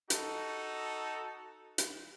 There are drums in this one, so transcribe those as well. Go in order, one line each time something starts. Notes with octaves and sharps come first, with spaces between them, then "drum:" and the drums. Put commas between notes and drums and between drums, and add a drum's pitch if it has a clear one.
D#4 F#4 A4, drum: hi-hat
drum: hi-hat